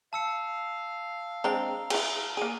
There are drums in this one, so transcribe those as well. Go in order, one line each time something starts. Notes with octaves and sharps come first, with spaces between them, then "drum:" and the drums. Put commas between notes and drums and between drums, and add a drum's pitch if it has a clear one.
F5 A5 E6 C#7
G#3 C4 D4 A#5
E4 G#4, drum: cymbal
A#3 G#4 D#7